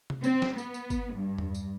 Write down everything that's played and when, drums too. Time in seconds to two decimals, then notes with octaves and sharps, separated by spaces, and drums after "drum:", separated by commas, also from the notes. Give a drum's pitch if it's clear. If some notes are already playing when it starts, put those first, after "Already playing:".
0.10 drum: tom C3
0.24 C4, drum: tambourine
0.42 drum: snare
0.58 B3, drum: tambourine
0.74 drum: tambourine
0.90 drum: kick G1, tambourine
1.15 G2
1.38 drum: tom E2
1.55 drum: tambourine